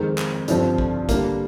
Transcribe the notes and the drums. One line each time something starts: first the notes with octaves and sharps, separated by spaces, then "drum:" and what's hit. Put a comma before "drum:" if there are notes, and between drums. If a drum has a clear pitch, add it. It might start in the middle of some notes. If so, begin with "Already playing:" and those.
Already playing: F2 D#3 G#3 C4 D#4
drum: clap
G2 D3 F3 C4, drum: hi-hat
drum: kick A#1
D3 G3 A#3, drum: kick A#1, hi-hat